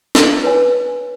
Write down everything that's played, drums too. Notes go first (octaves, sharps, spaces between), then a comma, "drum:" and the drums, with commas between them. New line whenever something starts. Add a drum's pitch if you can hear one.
drum: snare
B4 C#5 G#5